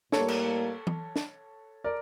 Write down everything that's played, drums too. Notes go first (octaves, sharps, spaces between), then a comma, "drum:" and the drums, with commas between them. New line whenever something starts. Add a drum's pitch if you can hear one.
A2 G3 A#3 A4 C#5, drum: snare
drum: cymbal
drum: tom E3
drum: snare
A#4 D5